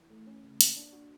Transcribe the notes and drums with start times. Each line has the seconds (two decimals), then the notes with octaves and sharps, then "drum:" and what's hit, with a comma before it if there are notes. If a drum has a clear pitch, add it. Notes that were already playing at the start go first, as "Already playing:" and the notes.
Already playing: E3
0.10 A3
0.27 C#4
0.44 C#3
0.61 A#3, drum: hi-hat
0.77 D4
0.93 F#4